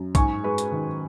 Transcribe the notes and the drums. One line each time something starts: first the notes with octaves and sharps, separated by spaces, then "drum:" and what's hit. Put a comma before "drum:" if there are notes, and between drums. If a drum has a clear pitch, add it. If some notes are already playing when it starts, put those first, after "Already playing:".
Already playing: F#2
G#2 G#5 C#6, drum: kick, hi-hat
G#3 B4
drum: hi-hat
D#3